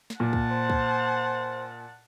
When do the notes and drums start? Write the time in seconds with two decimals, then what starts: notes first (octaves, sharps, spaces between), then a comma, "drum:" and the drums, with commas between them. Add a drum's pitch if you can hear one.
0.10 drum: snare
0.20 A#2 F#5 A5
0.33 drum: kick
0.52 C5
0.70 drum: kick